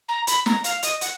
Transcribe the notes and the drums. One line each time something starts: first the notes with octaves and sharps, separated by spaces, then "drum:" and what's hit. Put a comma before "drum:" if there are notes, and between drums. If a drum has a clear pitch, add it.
A#5
B5, drum: hi-hat
A#5, drum: snare
F5, drum: hi-hat
D#5, drum: hi-hat
F#5, drum: hi-hat